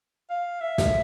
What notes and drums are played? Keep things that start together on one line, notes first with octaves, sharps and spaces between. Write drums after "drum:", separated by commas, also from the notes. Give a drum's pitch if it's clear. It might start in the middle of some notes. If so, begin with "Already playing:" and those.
F5
E5
drum: snare